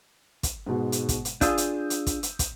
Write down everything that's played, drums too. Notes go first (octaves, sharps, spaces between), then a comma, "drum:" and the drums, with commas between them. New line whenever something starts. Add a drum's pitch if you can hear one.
drum: kick, hi-hat
G#2 B2 G#3
drum: hi-hat
drum: kick, hi-hat
drum: hi-hat
D4 F4 G#4 D#6 E6 G6, drum: kick, hi-hat
drum: hi-hat
drum: hi-hat
drum: kick, hi-hat
drum: hi-hat
drum: kick, hi-hat